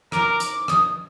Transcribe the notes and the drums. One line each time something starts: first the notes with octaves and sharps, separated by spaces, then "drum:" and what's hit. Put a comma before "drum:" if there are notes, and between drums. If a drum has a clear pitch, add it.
A#4 D6, drum: rim click
drum: hi-hat
D#6, drum: rim click